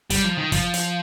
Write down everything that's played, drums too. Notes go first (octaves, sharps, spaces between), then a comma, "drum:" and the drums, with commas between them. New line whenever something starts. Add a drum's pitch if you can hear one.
G3, drum: kick, hi-hat
F3
D#3
F3, drum: kick, hi-hat
drum: hi-hat